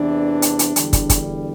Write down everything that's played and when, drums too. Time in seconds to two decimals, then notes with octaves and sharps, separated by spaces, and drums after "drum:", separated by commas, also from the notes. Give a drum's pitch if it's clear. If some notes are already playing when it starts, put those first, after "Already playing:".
Already playing: E2 C3 E3 D4
0.42 drum: hi-hat
0.59 drum: hi-hat
0.76 E2 D3 G3, drum: hi-hat
0.93 drum: kick, hi-hat
1.10 drum: kick, hi-hat